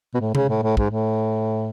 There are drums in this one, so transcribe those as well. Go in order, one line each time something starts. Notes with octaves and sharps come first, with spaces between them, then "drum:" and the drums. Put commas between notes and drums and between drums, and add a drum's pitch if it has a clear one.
B2
A2
C#3, drum: tom C3
A2
A2
G#2, drum: kick
A2